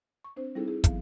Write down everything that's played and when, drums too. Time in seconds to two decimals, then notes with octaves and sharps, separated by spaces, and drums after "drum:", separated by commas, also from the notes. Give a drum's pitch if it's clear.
0.24 C#6
0.36 C4 D4 C5
0.55 G3 C4 D#4 E4 G#4 A4
0.67 E4 G#4
0.84 E3 F#3 B3 F5, drum: kick, hi-hat